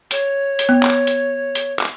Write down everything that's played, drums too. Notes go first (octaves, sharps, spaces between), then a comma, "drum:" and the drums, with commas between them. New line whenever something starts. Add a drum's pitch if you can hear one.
C#5, drum: hi-hat
drum: hi-hat
B3
drum: clap
drum: hi-hat
drum: hi-hat
drum: clap